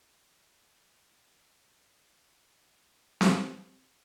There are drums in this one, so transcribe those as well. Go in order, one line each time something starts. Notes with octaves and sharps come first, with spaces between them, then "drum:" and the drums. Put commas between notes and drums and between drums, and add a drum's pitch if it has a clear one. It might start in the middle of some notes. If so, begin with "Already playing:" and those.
Already playing: F2 C3 F3 A3
F2 C3 F3 A3
F2 C3 F3 A3
F2 C3 F3 A3
E3 B3 E4
drum: snare C4